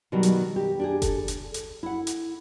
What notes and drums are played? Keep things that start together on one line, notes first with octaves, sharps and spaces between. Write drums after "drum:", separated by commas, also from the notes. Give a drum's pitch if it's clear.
B2 D#3 F#3 G3
drum: hi-hat
G4
D4 G4 G#4
A4, drum: kick F#1, hi-hat
drum: hi-hat
drum: hi-hat
E4 F#5
drum: hi-hat